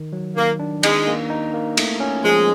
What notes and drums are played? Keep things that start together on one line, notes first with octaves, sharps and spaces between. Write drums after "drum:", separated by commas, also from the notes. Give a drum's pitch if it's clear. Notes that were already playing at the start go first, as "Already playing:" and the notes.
Already playing: D#3
F#3
D#3 A#3
D4
G#3 D#4, drum: cymbal
A#3
D#4
A#3
A3, drum: cymbal
C#4
F3 G#3